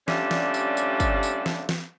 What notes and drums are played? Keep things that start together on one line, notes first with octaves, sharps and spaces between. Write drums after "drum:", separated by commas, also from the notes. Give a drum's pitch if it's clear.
C3 F3 G3 A3 C#4 D4, drum: snare
drum: snare
drum: tambourine
drum: tambourine
drum: kick, tambourine
drum: tambourine
drum: snare
drum: snare